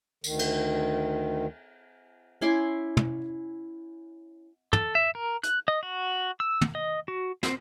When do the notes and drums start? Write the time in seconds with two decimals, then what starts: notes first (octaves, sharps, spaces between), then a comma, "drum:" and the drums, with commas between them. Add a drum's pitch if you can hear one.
0.24 D2 D#3, drum: tambourine
0.39 drum: cymbal
2.41 C#4 E4 C6 D6
2.97 drum: tom
4.73 A4, drum: tom
4.95 E5
5.15 A#4
5.43 F#6, drum: hi-hat
5.68 D#5
5.83 F#4
6.40 E6
6.61 drum: tom
6.75 D#5
7.08 F#4
7.43 C4, drum: snare